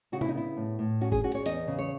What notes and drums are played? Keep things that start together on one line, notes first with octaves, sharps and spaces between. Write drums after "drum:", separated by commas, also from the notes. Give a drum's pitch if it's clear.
C#3 F#4
E4, drum: tom C3
D#4
B3 E4
A2
A2
C#4 F#4
G#4, drum: kick
C#4 F#4
C#5
E2 D#5, drum: hi-hat
C#3
C#5